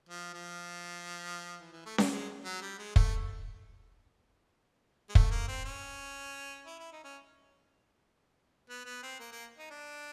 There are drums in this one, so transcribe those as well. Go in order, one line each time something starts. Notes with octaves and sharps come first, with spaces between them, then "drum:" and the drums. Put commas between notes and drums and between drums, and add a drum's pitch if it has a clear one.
F3
F3
E3
E3
A3
A#3, drum: snare C#4
G#3
F#3
G3
G#3
A3, drum: kick
G#3
A3, drum: kick
A#3
C4
C#4
E4
E4
D#4
C#4
B3
B3
C4
A#3
A#3
D#4
D4